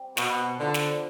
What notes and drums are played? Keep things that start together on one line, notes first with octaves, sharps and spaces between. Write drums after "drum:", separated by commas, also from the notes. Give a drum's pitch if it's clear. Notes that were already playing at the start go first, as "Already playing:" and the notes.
Already playing: G3 C4 G4
B2, drum: snare
D3 F3 B3 D4 F4
drum: snare